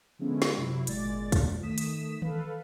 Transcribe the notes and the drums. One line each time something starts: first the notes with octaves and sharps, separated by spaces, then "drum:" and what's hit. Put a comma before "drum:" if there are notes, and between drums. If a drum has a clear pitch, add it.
D3 F3 G#3 B3 C#4 E4
drum: snare
F#2 C3 F#3 E4
G1 A#2 G#3 D5 A6, drum: hi-hat
drum: kick, hi-hat
D#3 A3 D#6 B6 E7
drum: hi-hat
A4 B4 F5, drum: tom D#3